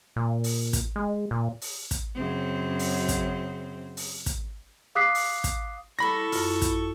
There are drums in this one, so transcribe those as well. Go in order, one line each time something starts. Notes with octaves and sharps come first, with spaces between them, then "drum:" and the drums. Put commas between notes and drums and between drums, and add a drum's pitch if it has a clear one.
A#2
drum: open hi-hat
drum: kick, hi-hat
G#3
A#2
drum: open hi-hat
drum: kick, hi-hat
F#2 C#3 C4
drum: open hi-hat
drum: kick, hi-hat
drum: open hi-hat
drum: kick, hi-hat
F5 D6 D#6 F#6 B6 C7
drum: open hi-hat
drum: kick, hi-hat
E3 G3 A4 B5 C#6 A#6
F#2 E3 F4, drum: open hi-hat
drum: kick, hi-hat